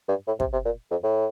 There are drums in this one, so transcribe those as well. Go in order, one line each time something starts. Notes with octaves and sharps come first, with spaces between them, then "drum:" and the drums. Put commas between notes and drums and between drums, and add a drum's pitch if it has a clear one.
G2
A2
C3, drum: kick
C3
A#2
F2
A2